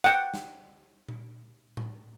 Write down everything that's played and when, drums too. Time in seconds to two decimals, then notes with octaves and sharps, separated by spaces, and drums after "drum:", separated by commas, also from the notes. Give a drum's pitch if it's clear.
0.04 F#5 G5, drum: hi-hat
0.34 drum: snare
1.08 drum: tom A#2
1.77 drum: tom A2